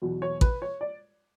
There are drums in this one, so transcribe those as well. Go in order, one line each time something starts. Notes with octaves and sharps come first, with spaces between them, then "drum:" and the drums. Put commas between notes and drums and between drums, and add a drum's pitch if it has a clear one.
E2 B2 F#3
C#5
B4, drum: kick A1
C#5
D5